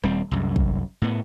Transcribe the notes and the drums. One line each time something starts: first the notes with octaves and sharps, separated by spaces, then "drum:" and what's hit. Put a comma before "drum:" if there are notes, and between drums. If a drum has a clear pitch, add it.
D#1 G3 C4, drum: rim click
C2 F#2
drum: kick
A2 B3